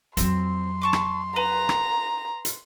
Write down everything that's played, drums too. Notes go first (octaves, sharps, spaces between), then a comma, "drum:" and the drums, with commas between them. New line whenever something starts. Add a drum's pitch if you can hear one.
F2 F#3 C4 C6, drum: hi-hat
A5 C#6 D6
drum: rim click
B4 A#5
drum: rim click
drum: hi-hat